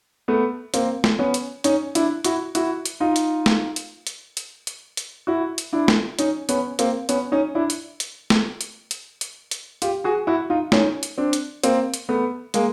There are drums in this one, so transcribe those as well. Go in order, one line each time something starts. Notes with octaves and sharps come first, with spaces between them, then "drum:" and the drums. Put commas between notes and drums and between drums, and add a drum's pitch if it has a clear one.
A3 B3
A#3 C4, drum: hi-hat
drum: snare
B3 C#4
drum: hi-hat
C#4 D#4, drum: hi-hat
D4 E4, drum: hi-hat
E4 F#4, drum: hi-hat
E4 F#4, drum: hi-hat
drum: hi-hat
D#4 F4
drum: hi-hat
drum: snare
drum: hi-hat
drum: hi-hat
drum: hi-hat
drum: hi-hat
drum: hi-hat
E4 F#4
drum: hi-hat
D4 E4
drum: snare
C#4 D#4, drum: hi-hat
B3 C#4, drum: hi-hat
A#3 C4, drum: hi-hat
B3 C#4, drum: hi-hat
C#4 D#4
D4 E4
drum: hi-hat
drum: hi-hat
drum: snare
drum: hi-hat
drum: hi-hat
drum: hi-hat
drum: hi-hat
F4 G4, drum: hi-hat
F#4 G#4
E4 F#4
D#4 F4
C#4 D#4, drum: snare
drum: hi-hat
C4 D4
drum: hi-hat
A#3 C4, drum: hi-hat
drum: hi-hat
A3 B3
G#3 A#3, drum: hi-hat